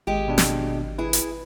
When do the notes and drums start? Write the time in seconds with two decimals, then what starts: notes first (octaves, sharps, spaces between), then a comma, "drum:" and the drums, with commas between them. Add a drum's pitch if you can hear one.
0.07 G#1 G#3 G4
0.28 B2 D4
0.38 drum: snare
0.98 E4 G#4 B4
1.13 drum: hi-hat